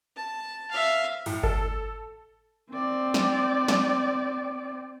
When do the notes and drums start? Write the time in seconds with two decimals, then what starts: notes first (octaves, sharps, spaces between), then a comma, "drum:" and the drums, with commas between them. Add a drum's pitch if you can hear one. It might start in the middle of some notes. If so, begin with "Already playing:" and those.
0.16 A5
0.71 E5 F5
1.26 A2, drum: open hi-hat
1.43 A4, drum: kick G1
2.70 C4 D5
3.14 drum: snare
3.68 drum: snare